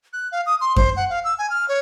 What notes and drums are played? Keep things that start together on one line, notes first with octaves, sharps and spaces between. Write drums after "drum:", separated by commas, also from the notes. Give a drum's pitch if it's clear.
F#6
F5
D#6
C6
C5, drum: kick F#2
F#5
F5
E6
G#5
F6
C#5